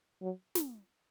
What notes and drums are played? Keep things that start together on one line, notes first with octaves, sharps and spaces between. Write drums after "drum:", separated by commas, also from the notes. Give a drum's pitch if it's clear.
F#3
drum: snare